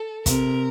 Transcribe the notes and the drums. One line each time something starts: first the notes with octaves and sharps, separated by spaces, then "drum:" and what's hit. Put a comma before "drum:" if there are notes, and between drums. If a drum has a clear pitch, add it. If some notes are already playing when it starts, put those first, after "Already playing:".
Already playing: A4
C3 A#4, drum: kick, hi-hat